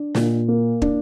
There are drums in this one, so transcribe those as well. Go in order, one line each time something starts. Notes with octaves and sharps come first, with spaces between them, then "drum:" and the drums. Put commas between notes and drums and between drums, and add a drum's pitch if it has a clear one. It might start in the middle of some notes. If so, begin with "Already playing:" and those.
Already playing: D4
A#2, drum: snare
A#3
D4, drum: kick